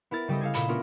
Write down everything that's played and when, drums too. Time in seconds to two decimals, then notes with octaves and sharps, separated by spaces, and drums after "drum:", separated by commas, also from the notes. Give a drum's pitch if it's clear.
0.11 B3 E4 A#4 A6
0.28 C#3 G3 G4 A4 D#5
0.41 G#4 A4 F5
0.54 A#2 B5 E7, drum: hi-hat
0.68 A3 B3 C#4 D4 F4 A#4